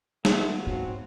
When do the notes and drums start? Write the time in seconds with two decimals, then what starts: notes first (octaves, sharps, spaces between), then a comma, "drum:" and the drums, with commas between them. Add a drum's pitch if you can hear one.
0.25 F#3 A3 B3 F4, drum: snare
0.66 G#2 C4 C#4 F#4